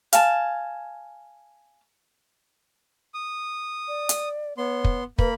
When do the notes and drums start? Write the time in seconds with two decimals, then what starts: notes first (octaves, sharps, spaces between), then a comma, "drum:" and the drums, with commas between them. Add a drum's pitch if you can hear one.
0.13 F5 G#5 A5, drum: hi-hat
3.14 D#6
3.88 D5
4.09 drum: hi-hat
4.58 B3 C#5 C6
4.84 drum: kick
5.19 A#3 B4 B5, drum: kick